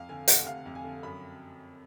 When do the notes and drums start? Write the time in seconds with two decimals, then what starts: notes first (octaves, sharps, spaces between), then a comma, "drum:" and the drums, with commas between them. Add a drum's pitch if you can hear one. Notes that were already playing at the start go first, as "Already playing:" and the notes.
Already playing: F2 F5
0.09 D3 G#5
0.28 F1 F#5, drum: hi-hat
0.47 F1 F5
0.65 F2
0.75 G#5
0.84 D3
1.03 F#2 B5